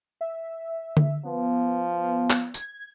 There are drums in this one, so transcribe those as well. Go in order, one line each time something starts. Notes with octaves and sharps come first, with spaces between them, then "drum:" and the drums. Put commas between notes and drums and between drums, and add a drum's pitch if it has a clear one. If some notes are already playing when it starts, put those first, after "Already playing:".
E5
drum: tom D3
F3 B3
drum: clap
G#6, drum: tambourine